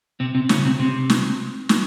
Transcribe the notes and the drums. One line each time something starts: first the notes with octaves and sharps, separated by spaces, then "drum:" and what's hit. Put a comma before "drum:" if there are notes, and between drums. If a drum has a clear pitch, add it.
C3 C4
C3 C4
C#3 C#4, drum: snare
C3 C4
C3 C4
drum: snare
drum: snare